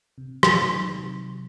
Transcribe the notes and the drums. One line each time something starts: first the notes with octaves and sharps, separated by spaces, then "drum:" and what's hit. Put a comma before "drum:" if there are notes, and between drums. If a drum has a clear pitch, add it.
C3
D#3, drum: rim click
F#3
D#3
C3